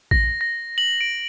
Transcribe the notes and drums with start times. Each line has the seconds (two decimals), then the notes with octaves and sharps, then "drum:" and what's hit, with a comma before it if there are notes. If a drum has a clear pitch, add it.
0.11 A#6, drum: kick
0.41 A#6
0.78 F#7
1.01 D7